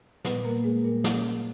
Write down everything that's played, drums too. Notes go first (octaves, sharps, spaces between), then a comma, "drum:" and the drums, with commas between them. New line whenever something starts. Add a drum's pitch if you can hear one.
A#2 G3 B3 B4, drum: snare
A#3 A#4
G#3 G#4
A#2 G3 A#3 A#4
drum: snare
C#4 C#5